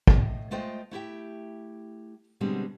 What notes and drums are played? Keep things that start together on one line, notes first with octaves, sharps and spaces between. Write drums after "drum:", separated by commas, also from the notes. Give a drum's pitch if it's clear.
A2 D#5, drum: kick
G#3 A3 F4 C5 D#5 G5
A3 E4 G4 G5
B2 D3 G3 G#3 C4